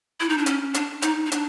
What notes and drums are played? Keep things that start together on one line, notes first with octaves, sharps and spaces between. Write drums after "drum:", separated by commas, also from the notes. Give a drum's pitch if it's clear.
E4
D#4
D4
C#4, drum: hi-hat
D4, drum: hi-hat
D#4, drum: hi-hat
D#4
D4, drum: hi-hat